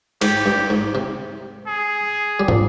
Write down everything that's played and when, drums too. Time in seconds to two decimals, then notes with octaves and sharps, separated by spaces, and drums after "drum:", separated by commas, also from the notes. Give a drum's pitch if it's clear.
0.21 G#2 G4, drum: cymbal
0.46 G2
0.70 G#2
0.95 C3
1.67 G#4
2.40 G3
2.48 F3, drum: tom